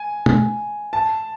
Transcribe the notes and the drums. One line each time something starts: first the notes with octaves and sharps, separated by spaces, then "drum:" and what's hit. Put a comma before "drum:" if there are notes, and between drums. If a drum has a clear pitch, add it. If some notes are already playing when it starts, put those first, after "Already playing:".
Already playing: G#5
drum: tom
A5